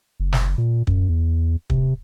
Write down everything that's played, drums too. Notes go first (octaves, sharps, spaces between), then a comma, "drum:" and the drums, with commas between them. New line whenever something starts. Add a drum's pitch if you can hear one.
F#1
drum: snare
A#2
F#2, drum: kick
E2
C3, drum: kick